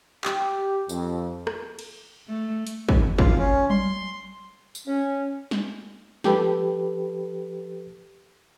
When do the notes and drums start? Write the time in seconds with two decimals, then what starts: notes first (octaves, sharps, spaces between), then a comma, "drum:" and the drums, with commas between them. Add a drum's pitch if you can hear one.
0.24 G4, drum: clap
0.89 F2, drum: tambourine
1.47 drum: rim click
1.79 drum: cymbal
2.28 A3
2.67 drum: hi-hat
2.89 drum: kick
3.18 F4, drum: kick
3.38 C#4
3.70 C6, drum: tom F#3
4.75 drum: tambourine
4.88 C#4
5.51 drum: snare
6.24 F3 G4 A4 B4, drum: snare